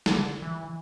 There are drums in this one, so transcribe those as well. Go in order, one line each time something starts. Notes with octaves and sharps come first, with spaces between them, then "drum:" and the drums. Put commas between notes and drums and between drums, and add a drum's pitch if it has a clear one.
D3, drum: snare
E3